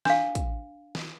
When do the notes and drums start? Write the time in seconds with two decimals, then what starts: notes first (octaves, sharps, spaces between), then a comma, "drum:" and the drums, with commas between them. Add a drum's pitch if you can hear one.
0.05 D4 F5, drum: snare
0.35 drum: kick, hi-hat
0.95 drum: snare